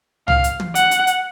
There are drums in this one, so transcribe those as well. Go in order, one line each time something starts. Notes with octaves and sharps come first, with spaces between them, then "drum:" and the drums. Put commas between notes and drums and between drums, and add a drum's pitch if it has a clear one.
F5, drum: tom C2
drum: hi-hat
drum: tom
F#5, drum: hi-hat
drum: hi-hat
drum: hi-hat